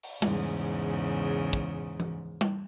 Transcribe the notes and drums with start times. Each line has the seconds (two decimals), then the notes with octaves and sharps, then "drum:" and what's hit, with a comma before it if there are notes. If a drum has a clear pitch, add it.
0.03 drum: open hi-hat
0.22 E2 G#2 C#3, drum: tom G3
1.53 drum: kick
2.00 drum: tom E3
2.41 drum: tom G3